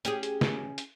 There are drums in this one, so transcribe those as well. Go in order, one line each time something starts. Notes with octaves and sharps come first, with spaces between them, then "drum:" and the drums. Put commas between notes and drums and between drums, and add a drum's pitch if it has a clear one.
C#4 G4 G#4, drum: hi-hat
drum: hi-hat
drum: snare
drum: hi-hat